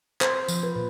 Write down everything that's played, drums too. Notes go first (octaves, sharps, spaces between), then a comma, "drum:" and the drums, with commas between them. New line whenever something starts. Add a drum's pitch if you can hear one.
C5, drum: clap
F3, drum: tambourine
B4
A#2